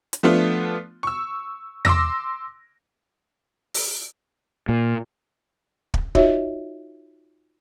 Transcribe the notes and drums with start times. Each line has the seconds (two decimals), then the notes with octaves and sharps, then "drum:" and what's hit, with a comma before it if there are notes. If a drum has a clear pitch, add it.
0.13 drum: hi-hat
0.23 F3 A3 B3 D4 F4
1.03 C#6 E6
1.85 C6 D6 E6 A#6, drum: tom E2
3.74 drum: open hi-hat
4.69 A#2
5.94 drum: kick
6.15 D#4 F4 F#4 C#5 D#5 E5, drum: kick